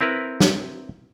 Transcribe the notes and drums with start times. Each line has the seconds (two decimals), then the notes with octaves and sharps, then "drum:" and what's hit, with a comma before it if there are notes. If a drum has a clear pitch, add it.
0.01 C4 E4 A#4 B4
0.40 drum: snare